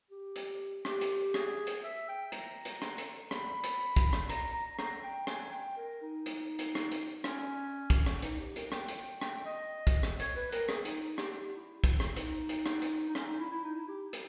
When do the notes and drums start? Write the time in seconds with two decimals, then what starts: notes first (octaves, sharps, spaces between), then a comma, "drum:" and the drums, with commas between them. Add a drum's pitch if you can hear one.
0.11 G4
0.36 drum: hi-hat
0.85 G4, drum: rim click
1.01 drum: hi-hat
1.34 G#4, drum: rim click
1.67 drum: hi-hat
1.84 E5
2.09 G5
2.32 A#5, drum: hi-hat
2.65 drum: hi-hat
2.82 drum: rim click
2.98 drum: hi-hat
3.31 B5, drum: rim click
3.64 drum: hi-hat
3.97 drum: kick, hi-hat
4.13 drum: rim click
4.29 A#5, drum: hi-hat
4.54 A#5
4.79 A#5, drum: rim click
5.04 G5
5.27 G#5, drum: rim click
5.52 G5
5.77 A#4
6.02 D#4
6.26 drum: hi-hat
6.59 drum: hi-hat
6.75 drum: rim click
6.92 drum: hi-hat
7.24 C#4, drum: rim click
7.90 drum: kick, hi-hat
8.06 drum: rim click
8.22 D#4, drum: hi-hat
8.39 G4
8.56 A#4, drum: hi-hat
8.72 G5, drum: rim click
8.88 drum: hi-hat
9.21 G5, drum: rim click
9.45 D#5
9.87 drum: kick, hi-hat
10.03 drum: rim click
10.20 C#5, drum: hi-hat
10.36 B4
10.52 A#4, drum: hi-hat
10.69 G#4, drum: rim click
10.85 D#4, drum: hi-hat
11.02 D#4
11.18 G4, drum: rim click
11.30 G4
11.43 G4
11.55 E4
11.84 drum: kick, hi-hat
12.00 drum: rim click
12.17 D#4, drum: hi-hat
12.49 drum: hi-hat
12.66 drum: rim click
12.82 drum: hi-hat
13.09 D#4
13.15 C#4, drum: rim click
13.27 D#4
13.39 E4
13.52 E4
13.64 D#4
13.76 E4
13.88 G4
14.13 drum: hi-hat